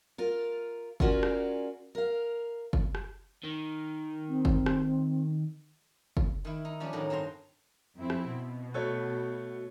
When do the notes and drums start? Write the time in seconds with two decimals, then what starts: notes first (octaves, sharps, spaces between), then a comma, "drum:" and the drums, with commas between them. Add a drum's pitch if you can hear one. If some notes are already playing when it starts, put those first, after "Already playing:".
0.18 F4 A#4
1.00 C#4 F4 F#4 G#4 A#4 D5, drum: kick F#1
1.23 drum: rim click
1.95 A#4 F5
2.73 drum: kick F#1
2.95 drum: rim click
3.43 D#3
4.29 C4
4.45 drum: kick F#1
4.66 drum: rim click
6.17 drum: kick F#1
6.45 D#3 E4
6.65 D#4
6.80 F3 G3 C#4 D4
6.93 A2 D#3 F#3 D#4
7.10 G2 C4 C5 A#5 C6
7.97 F2 C4 E4
8.10 drum: rim click
8.29 B2
8.74 A3 F#4 A4 C#5